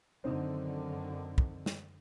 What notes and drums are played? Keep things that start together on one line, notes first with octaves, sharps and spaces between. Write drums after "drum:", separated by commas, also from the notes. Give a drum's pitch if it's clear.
F#2 D3 D#3 C4 D#4
drum: kick
drum: snare